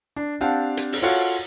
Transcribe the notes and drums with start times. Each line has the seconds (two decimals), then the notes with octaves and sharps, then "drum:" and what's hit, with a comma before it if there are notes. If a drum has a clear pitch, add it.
0.16 D4
0.41 C4 D4 G4 F5 F#5 A5
0.77 drum: hi-hat
0.92 drum: open hi-hat
1.02 F4 F#4 A4 C#5 F5 F#5